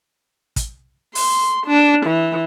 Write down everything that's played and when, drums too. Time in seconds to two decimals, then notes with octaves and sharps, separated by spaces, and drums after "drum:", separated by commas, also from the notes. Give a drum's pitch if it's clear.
0.56 drum: kick, hi-hat
1.15 C6, drum: open hi-hat
1.67 D4
2.06 E3